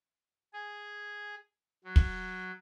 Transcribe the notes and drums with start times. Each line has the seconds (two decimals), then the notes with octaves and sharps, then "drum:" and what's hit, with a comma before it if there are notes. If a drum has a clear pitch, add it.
0.53 G#4
1.84 F#3
1.96 drum: kick